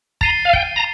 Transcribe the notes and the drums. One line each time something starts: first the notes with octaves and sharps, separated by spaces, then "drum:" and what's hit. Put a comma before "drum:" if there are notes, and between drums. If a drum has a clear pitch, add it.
A#5 A6 C7 D#7 G7, drum: kick
F5
G5, drum: kick
A#5